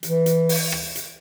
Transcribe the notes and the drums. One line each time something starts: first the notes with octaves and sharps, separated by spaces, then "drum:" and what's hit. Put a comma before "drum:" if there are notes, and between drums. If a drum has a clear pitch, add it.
E3, drum: hi-hat
drum: hi-hat
drum: open hi-hat
drum: rim click
drum: hi-hat